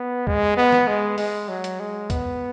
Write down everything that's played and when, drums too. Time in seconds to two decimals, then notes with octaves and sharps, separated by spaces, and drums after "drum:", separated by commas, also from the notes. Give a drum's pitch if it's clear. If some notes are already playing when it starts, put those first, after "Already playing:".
Already playing: B3
0.27 G#3, drum: kick C#2
0.57 B3
0.72 drum: snare
0.88 G#3
1.18 G#3, drum: open hi-hat
1.49 F#3
1.64 drum: hi-hat
1.80 G#3
2.10 B3, drum: kick C#2, hi-hat